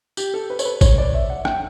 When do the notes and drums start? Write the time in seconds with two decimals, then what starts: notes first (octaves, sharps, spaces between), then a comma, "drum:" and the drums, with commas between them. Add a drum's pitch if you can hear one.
0.17 G4, drum: tambourine
0.34 A4
0.50 B4
0.59 C#5, drum: tambourine
0.65 B4
0.81 C#5, drum: kick, tambourine
0.98 D5
1.14 E5
1.30 F#5
1.45 G5, drum: rim click